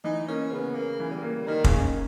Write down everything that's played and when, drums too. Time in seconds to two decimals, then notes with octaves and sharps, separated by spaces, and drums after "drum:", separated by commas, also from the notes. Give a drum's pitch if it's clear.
0.04 E3 D#4
0.28 A#3 C#4
0.51 C#3 B3
0.75 C#3 A#3
1.00 E3
1.11 G3
1.22 A#3
1.46 D#3 A#3
1.64 C#3, drum: kick
1.70 C#4
1.82 D#3